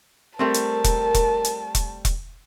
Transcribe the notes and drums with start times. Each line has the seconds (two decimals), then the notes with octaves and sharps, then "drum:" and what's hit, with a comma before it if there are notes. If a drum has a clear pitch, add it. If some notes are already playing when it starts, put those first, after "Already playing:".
0.39 G3 A3 C4 A#4 A5
0.54 drum: hi-hat
0.84 drum: kick E1, hi-hat
1.14 drum: kick E1, hi-hat
1.45 drum: hi-hat
1.75 drum: kick E1, hi-hat
2.05 drum: kick E1, hi-hat